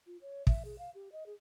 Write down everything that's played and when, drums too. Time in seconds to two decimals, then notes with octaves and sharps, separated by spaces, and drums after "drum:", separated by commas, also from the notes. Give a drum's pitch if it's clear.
0.07 F4
0.22 C#5
0.47 E5, drum: kick
0.65 G#4
0.78 F5
0.95 G4
1.12 D#5
1.26 G#4